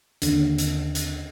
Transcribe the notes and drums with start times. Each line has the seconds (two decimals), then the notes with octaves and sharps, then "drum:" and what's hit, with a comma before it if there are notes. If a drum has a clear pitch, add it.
0.22 D#2 D3, drum: hi-hat
0.58 drum: hi-hat
0.95 drum: hi-hat